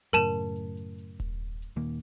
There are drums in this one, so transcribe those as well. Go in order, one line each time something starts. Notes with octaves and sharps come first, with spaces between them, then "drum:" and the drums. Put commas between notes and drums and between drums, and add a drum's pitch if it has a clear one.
F#2 A2 C#3 A#4 A5 E7
drum: hi-hat
drum: hi-hat
drum: hi-hat
drum: kick D#1, hi-hat
drum: hi-hat
D#1 D#3 A#3